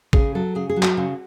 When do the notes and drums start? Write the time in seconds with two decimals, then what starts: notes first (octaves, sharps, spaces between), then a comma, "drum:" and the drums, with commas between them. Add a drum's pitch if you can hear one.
0.13 C#3 G#4, drum: kick A1
0.35 F#3 A4
0.55 C#3 G#4
0.70 G#4
0.76 F#3
0.82 F#4, drum: clap
0.97 C#3